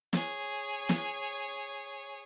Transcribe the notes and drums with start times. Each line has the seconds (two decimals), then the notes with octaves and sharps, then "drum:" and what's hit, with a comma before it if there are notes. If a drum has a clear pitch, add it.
0.13 G#4 C#5, drum: snare
0.89 drum: snare